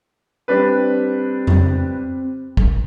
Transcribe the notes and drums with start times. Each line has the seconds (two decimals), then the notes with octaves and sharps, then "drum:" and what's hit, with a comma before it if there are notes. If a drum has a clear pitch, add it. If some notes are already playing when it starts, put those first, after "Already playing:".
0.48 G3 C4 D4 B4
1.47 drum: tom F2
2.57 drum: kick